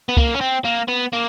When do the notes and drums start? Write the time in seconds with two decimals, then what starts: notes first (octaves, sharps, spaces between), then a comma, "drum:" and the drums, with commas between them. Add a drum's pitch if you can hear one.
0.09 B3
0.17 A#3, drum: kick C2
0.34 C#4
0.41 C4
0.65 A#3
0.88 B3
1.13 A#3